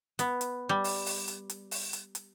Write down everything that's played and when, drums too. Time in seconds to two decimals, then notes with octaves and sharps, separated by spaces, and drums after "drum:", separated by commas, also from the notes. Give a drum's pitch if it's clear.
0.19 B3, drum: hi-hat
0.41 drum: hi-hat
0.69 G3
0.84 drum: open hi-hat
1.06 drum: open hi-hat
1.28 drum: hi-hat
1.50 drum: hi-hat
1.71 drum: open hi-hat
1.93 drum: hi-hat
2.15 drum: hi-hat